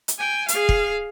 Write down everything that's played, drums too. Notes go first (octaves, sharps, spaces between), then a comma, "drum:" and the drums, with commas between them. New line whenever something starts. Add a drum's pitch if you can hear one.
drum: hi-hat
G5 G#5
G#4 F5, drum: hi-hat
drum: kick